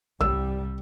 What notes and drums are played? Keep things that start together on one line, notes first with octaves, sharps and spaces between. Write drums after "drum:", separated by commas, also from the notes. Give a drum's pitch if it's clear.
C2 G3 E6, drum: kick